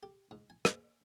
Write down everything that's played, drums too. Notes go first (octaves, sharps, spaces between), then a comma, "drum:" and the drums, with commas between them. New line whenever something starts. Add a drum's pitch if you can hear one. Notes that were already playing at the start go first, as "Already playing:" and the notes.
G4
G#2
G#5
A#3, drum: rim click